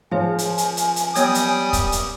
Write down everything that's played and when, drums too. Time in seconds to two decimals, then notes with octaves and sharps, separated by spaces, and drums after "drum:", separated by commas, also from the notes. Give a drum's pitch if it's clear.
0.11 F3 G#4 C#5 F5 G#5
0.38 drum: hi-hat
0.58 drum: hi-hat
0.77 drum: hi-hat
0.96 drum: hi-hat
1.15 F#3 G3 B3 C#5 G5 D#6, drum: hi-hat
1.35 drum: hi-hat
1.73 drum: kick, hi-hat
1.92 drum: hi-hat